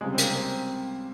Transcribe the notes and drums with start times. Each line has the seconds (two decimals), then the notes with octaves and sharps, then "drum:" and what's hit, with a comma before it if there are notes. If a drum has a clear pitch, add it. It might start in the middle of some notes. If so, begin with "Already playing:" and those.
0.01 C#2 C3 G3 G#3
0.14 C4
0.18 A#3, drum: hi-hat
0.36 C4